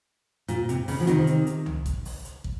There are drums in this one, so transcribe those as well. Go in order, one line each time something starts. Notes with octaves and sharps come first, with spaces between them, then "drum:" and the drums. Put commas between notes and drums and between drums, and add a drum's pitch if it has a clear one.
A#2, drum: hi-hat
C3, drum: hi-hat
C#3, drum: open hi-hat
F3
C3 D#3, drum: hi-hat
drum: hi-hat
drum: hi-hat
drum: tom C#2
drum: kick, hi-hat
drum: open hi-hat
drum: hi-hat
drum: kick